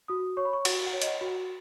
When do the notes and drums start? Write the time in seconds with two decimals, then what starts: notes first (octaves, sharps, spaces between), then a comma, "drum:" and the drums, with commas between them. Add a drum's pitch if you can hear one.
0.08 F#4 D#6
0.37 C#5 C#6
0.45 B5
0.53 C#6
0.65 F#4 F#5, drum: cymbal
0.86 F#5
0.93 C#5
1.02 D#5, drum: hi-hat
1.07 F#5
1.21 F#4
1.27 F#5